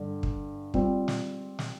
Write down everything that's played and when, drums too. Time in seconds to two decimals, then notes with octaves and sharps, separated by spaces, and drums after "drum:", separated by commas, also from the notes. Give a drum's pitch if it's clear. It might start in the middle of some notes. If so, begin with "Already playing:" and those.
Already playing: G2 D3
0.23 drum: kick
0.74 G3 C4 F4, drum: kick
1.08 drum: snare
1.59 drum: snare